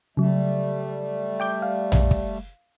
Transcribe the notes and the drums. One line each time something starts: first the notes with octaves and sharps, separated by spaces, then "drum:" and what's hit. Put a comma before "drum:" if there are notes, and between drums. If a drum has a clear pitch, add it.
C#3 F#3 G3 A3
G5 D6 G6
F5
drum: tom A#1
drum: kick